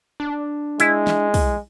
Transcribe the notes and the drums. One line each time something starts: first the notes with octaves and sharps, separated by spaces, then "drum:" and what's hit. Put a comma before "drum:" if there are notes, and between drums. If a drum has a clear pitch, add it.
D4
G#3 E4, drum: hi-hat
drum: snare
drum: kick, open hi-hat